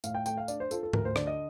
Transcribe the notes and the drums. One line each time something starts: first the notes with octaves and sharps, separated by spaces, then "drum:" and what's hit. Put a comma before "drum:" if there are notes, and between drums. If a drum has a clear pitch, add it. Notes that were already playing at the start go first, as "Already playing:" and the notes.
A2 F5, drum: tambourine
G5
A3 G5, drum: tambourine
F5
D4 D5, drum: tambourine
C5
F4 A4, drum: tambourine
A4
D2 A#4, drum: tom G#2
C5
D3 D5, drum: rim click
D#5